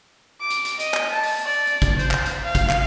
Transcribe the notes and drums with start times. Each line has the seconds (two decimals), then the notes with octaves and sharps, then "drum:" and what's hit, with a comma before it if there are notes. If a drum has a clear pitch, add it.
0.41 D6
0.50 drum: hi-hat
0.65 drum: hi-hat
0.79 D#5, drum: hi-hat
0.94 drum: clap
1.12 A5
1.23 drum: open hi-hat
1.45 D5
1.67 drum: hi-hat
1.82 drum: kick, hi-hat
1.99 C5, drum: hi-hat
2.11 drum: clap
2.26 drum: hi-hat
2.43 F5
2.55 drum: kick, hi-hat
2.70 drum: clap